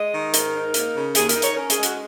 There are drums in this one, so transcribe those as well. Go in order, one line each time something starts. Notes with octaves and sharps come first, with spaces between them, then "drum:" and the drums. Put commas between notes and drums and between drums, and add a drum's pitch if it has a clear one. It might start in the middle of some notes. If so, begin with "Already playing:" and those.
Already playing: G#3 D#5
D#3
G#2 A#4, drum: hi-hat
D#4
A#3, drum: hi-hat
C#3
D#2 G#4, drum: hi-hat
A#4, drum: hi-hat
D#4
C#5, drum: hi-hat
C#4 A#4
G#4, drum: hi-hat
G#3
F#4, drum: hi-hat